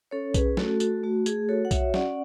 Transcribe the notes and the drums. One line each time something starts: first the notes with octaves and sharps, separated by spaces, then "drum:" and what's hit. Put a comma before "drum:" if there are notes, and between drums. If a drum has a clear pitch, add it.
C#4 A4 C#5
G#4 B4, drum: kick B1, tambourine
A3 F#4 A4, drum: snare
F#4 A4, drum: tambourine
A3 F#4
G#4, drum: tambourine
F#4 A4 C#5
F#5
C#5 E5, drum: kick B1, tambourine
C#4 D5 F#5, drum: snare